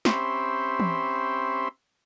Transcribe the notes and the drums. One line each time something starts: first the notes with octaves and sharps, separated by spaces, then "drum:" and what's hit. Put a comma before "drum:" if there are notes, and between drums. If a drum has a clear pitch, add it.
C4 C#4 G4 C5 E5 B5, drum: snare
drum: tom E3